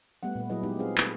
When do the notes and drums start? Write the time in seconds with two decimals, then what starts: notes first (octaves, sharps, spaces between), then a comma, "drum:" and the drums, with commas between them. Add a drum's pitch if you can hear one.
0.23 G3 A3 B3 F#5
0.35 A#2 B4
0.50 F#3 E4 G#4 B4 D#5
0.63 G#3 B3 D#4 G4
0.79 C4 F4 G#4 F5
0.98 A4 B4, drum: clap